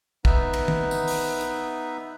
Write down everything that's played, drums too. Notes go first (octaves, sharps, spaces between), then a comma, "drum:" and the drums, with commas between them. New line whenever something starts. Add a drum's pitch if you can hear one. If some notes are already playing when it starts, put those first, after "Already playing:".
B3 D#4 B4 E5, drum: kick
drum: cymbal
drum: tom
drum: tambourine
drum: open hi-hat
drum: hi-hat